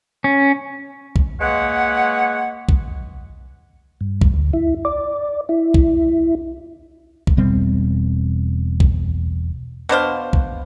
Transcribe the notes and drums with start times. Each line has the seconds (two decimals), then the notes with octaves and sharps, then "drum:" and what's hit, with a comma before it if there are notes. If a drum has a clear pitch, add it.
0.24 C#4
1.16 drum: kick B1
1.41 G#3 A#3 B4 C#5 F#5
2.69 drum: kick B1
4.01 G2
4.21 drum: kick B1
4.34 D2
4.53 E4
4.85 D5
5.49 E4
5.74 drum: kick B1
7.27 drum: kick B1
7.37 E1 B2 G3 C4
8.80 drum: kick B1
9.89 B2 D4 C5 F5
10.33 drum: kick B1